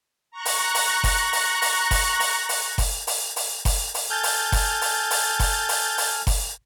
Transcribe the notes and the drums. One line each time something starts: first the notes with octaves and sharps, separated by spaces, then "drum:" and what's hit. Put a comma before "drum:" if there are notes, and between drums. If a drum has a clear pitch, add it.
A#5 C#6 F#6 A#6
drum: open hi-hat
drum: open hi-hat
drum: kick F#1, open hi-hat
drum: open hi-hat
drum: open hi-hat
drum: kick F#1, open hi-hat
drum: open hi-hat
drum: open hi-hat
drum: kick F#1, open hi-hat
drum: open hi-hat
drum: open hi-hat
drum: kick F#1, open hi-hat
drum: open hi-hat
A4 G#5 F6 G6 A6
drum: open hi-hat
drum: kick F#1, open hi-hat
drum: open hi-hat
drum: open hi-hat
drum: kick F#1, open hi-hat
drum: open hi-hat
drum: open hi-hat
drum: kick F#1, open hi-hat